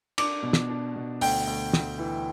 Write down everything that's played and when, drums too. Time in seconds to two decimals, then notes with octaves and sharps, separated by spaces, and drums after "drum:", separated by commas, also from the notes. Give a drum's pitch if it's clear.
0.18 D4 D6, drum: cymbal
0.43 B2
0.53 drum: snare
0.70 D4
0.96 B2
1.21 D2 G5, drum: open hi-hat
1.47 D2
1.73 D2, drum: snare
1.99 E3